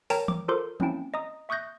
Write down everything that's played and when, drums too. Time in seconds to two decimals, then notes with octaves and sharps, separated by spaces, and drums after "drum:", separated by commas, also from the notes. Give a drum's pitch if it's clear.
0.10 A#4 C#5 G5 A5 A#5, drum: open hi-hat
0.28 D6, drum: tom E3
0.48 F4 A4 A#4 C5 C6 D6
0.80 A#3 C4 C#4 E4 G5 A5, drum: tom E3
1.14 D#5 A#5 D#6
1.49 E5 C#6 D#6 F#6 G6 A#6